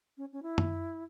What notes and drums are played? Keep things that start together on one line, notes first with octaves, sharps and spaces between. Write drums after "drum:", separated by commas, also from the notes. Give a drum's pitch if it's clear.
C#4
C#4
E4
drum: tom F#2